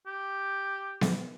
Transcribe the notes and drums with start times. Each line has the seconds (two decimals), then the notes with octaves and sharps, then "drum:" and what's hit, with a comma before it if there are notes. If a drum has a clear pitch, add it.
0.06 G4
1.01 drum: snare B3